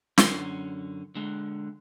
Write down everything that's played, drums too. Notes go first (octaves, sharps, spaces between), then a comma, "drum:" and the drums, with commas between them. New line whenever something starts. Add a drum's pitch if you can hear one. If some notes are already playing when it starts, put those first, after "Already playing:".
F#2 D3 C#4 F#4 C6, drum: snare
D3 G#3